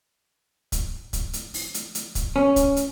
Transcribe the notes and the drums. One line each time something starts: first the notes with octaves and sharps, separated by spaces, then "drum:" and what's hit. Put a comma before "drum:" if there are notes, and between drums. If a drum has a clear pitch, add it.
drum: kick, hi-hat
drum: kick, hi-hat
drum: hi-hat
drum: open hi-hat
drum: hi-hat
drum: hi-hat
drum: kick, hi-hat
C#4
drum: kick, hi-hat
drum: hi-hat